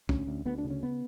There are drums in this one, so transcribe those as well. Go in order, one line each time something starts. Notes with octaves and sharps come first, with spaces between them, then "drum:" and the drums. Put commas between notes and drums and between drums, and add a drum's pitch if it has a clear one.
D2 C#4, drum: kick
D2
D2 B3
D4
C#3
C#4
B3